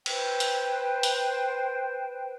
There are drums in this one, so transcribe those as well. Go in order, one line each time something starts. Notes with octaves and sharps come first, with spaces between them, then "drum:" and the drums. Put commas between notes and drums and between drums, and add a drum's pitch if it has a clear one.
B4 C5 G5, drum: cymbal
drum: hi-hat
drum: hi-hat